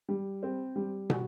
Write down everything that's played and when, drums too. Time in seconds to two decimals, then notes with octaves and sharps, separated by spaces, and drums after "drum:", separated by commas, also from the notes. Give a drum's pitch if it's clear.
0.09 G3
0.43 C4
0.76 G3
1.10 F#4, drum: tom